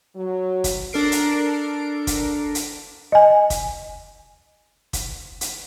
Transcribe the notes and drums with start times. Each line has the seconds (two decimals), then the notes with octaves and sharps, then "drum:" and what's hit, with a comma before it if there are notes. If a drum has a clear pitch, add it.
0.16 F#3
0.64 drum: kick, hi-hat
0.93 D4 A4 A#4 C7 D7
1.12 drum: hi-hat
2.07 drum: kick, hi-hat
2.55 drum: hi-hat
3.12 D#5 G#5
3.50 drum: kick, hi-hat
4.93 drum: kick, hi-hat
5.41 drum: hi-hat